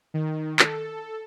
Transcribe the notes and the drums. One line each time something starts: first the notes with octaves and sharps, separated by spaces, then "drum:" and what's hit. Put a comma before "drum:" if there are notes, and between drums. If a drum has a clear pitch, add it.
D#3
A4, drum: clap